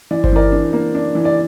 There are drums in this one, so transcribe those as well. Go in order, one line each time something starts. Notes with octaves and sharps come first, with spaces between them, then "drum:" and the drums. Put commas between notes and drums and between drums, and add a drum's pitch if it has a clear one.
E3 D5
C5, drum: kick G1
E3 A#4 D5
D4
A#3
D4
E3
D5